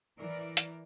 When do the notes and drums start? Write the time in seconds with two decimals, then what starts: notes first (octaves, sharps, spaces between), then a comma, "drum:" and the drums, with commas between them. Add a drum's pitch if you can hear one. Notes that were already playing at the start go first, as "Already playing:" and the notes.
0.20 E3 A#4 D5
0.57 drum: hi-hat